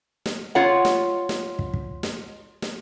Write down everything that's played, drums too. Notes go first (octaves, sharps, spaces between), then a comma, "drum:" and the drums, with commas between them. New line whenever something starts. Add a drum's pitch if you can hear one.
drum: snare
F4 C#5 F#5
drum: snare
drum: snare
drum: kick
drum: kick
drum: snare
drum: snare